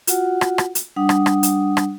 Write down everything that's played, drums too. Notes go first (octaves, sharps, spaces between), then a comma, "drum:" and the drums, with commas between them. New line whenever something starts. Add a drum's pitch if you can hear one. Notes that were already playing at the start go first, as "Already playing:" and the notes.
F4 F#4 F#5, drum: hi-hat
drum: rim click
drum: rim click
drum: hi-hat
G3 D4 F#5 D#6
drum: rim click
drum: rim click
drum: hi-hat
drum: rim click